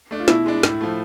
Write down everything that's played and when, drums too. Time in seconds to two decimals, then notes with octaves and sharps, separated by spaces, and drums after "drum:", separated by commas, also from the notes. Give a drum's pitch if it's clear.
0.11 A3 D4
0.20 F4
0.28 B2 E4, drum: snare
0.46 G#3 D4
0.63 A2, drum: snare
0.81 F3 A3